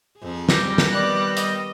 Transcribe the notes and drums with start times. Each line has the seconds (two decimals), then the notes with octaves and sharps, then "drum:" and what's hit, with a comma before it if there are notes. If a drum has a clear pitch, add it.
0.19 F2 G#4
0.49 G3 G4 A#6, drum: snare
0.78 drum: snare
0.91 D#3 B3 G4 D5 F#6
1.37 D#5, drum: hi-hat